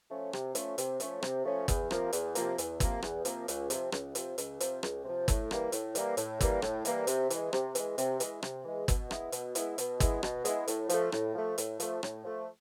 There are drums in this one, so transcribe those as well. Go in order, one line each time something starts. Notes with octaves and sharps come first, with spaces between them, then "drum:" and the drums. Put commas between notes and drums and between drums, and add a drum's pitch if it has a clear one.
F3 A3 C#4
C3, drum: rim click
F3 A3 C#4, drum: hi-hat
C3, drum: hi-hat
F3 A3 C#4, drum: hi-hat
C3, drum: rim click
F3 A3 C#4
E2, drum: kick, hi-hat
C3 F3 A#3, drum: rim click
E2, drum: hi-hat
C3 F3 A#3, drum: hi-hat
E2, drum: hi-hat
C3 F3 A#3, drum: kick, hi-hat
E2, drum: rim click
C3 F3 A#3, drum: hi-hat
C#2, drum: hi-hat
C3 F3, drum: hi-hat
C#2, drum: rim click
C3 F3, drum: hi-hat
C#2, drum: hi-hat
C3 F3, drum: hi-hat
C#2, drum: rim click
C3 F3
A2, drum: kick, hi-hat
E3 G3 A#3, drum: rim click
A2, drum: hi-hat
E3 G3 A#3, drum: hi-hat
A2, drum: hi-hat
E3 G3 A#3, drum: kick, hi-hat
A2, drum: rim click
E3 G3 A#3, drum: hi-hat
C3, drum: hi-hat
E3 G#3, drum: hi-hat
C3, drum: rim click
E3 G#3, drum: hi-hat
C3, drum: hi-hat
E3 G#3, drum: hi-hat
C3, drum: rim click
E3 G#3
B2, drum: kick, hi-hat
G#3 B3 E4, drum: rim click
B2, drum: hi-hat
G#3 B3 E4, drum: hi-hat
B2, drum: hi-hat
G#3 B3 E4, drum: kick, hi-hat
B2, drum: rim click
G#3 B3 E4, drum: hi-hat
A2, drum: hi-hat
F3 A3, drum: hi-hat
A2, drum: rim click
F3 A3
A2, drum: hi-hat
F3 A3, drum: hi-hat
A2, drum: rim click
F3 A3